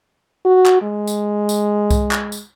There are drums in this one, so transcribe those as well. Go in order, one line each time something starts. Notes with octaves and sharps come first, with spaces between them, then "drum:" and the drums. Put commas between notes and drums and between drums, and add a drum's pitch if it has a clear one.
F#4
drum: clap
G#3
drum: tambourine
drum: tambourine
drum: kick C2, tambourine
drum: clap
drum: tambourine